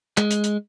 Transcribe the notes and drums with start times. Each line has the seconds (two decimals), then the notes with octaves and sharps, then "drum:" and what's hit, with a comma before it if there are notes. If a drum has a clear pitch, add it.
0.18 G#3, drum: clap
0.31 drum: hi-hat
0.44 drum: hi-hat